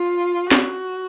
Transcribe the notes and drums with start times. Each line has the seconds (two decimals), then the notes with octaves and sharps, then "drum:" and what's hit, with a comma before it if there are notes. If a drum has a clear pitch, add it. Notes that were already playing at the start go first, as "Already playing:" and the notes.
Already playing: F4
0.51 F#4, drum: snare